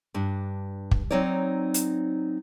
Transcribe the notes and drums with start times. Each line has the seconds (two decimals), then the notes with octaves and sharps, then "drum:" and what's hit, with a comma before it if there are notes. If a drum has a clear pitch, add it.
0.14 G2 D4
0.91 drum: kick
1.11 F#3 C4 D#4 C#5 D5
1.74 drum: hi-hat